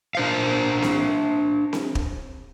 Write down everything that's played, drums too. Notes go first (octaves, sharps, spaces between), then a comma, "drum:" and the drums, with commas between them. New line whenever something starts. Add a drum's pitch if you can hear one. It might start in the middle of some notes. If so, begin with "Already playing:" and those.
D4 C5 F5
drum: snare C4
drum: snare C4
drum: kick